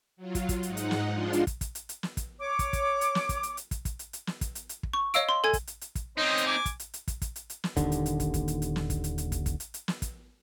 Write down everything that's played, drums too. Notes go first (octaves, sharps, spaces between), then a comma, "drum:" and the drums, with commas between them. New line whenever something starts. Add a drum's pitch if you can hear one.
F#3 F4
drum: kick, hi-hat
drum: kick, hi-hat
G#2 D#4 F#5, drum: hi-hat
drum: hi-hat
drum: snare
F3 G#3 D4 F4 C6
drum: hi-hat
drum: kick, hi-hat
drum: kick, hi-hat
drum: hi-hat
drum: hi-hat
drum: snare
drum: kick, hi-hat
C#5 D6
drum: kick, hi-hat
drum: kick, hi-hat
drum: hi-hat
drum: snare
drum: kick, hi-hat
drum: hi-hat
drum: hi-hat
drum: kick, hi-hat
drum: kick, hi-hat
drum: hi-hat
drum: hi-hat
drum: snare
drum: kick, hi-hat
drum: hi-hat
drum: hi-hat
drum: kick
C#6
C#5 D#5 F5 E6 D7, drum: hi-hat
C6
A4 G#5 G#6
drum: kick, hi-hat
drum: hi-hat
drum: hi-hat
drum: kick, hi-hat
C4 C#4 D#4 C5 D#5
drum: hi-hat
G#5 D6
drum: kick, hi-hat
drum: hi-hat
drum: hi-hat
drum: kick, hi-hat
drum: kick, hi-hat
drum: hi-hat
drum: hi-hat
drum: snare
D#1 D#2 D3, drum: kick, hi-hat
drum: hi-hat
drum: hi-hat
drum: kick, hi-hat
drum: kick, hi-hat
drum: hi-hat
drum: hi-hat
drum: snare
drum: kick, hi-hat
drum: hi-hat
drum: hi-hat
drum: kick, hi-hat
drum: kick, hi-hat
drum: hi-hat
drum: hi-hat
drum: snare
drum: kick, hi-hat